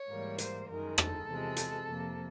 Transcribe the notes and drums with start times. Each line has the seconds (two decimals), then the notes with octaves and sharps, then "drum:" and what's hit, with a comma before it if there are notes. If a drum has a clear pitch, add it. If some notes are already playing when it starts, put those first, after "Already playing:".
Already playing: C#5
0.09 G#2 E3 G3 A#3
0.38 C5, drum: hi-hat
0.68 F#2 D#3 G#3 A#4
0.98 A4, drum: rim click
1.27 E2 C3 F3 G#3
1.56 drum: hi-hat
1.85 F2 C3 F3 A#3